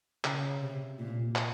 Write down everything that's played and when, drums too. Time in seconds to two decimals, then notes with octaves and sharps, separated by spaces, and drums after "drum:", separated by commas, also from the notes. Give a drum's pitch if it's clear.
0.25 C#3, drum: clap
0.62 C3
0.98 A#2
1.36 drum: clap